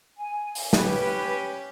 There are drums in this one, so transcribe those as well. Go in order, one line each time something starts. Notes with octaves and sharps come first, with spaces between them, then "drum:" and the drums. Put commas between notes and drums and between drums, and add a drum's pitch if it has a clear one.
G#5
drum: open hi-hat
C#4 G4 B4, drum: snare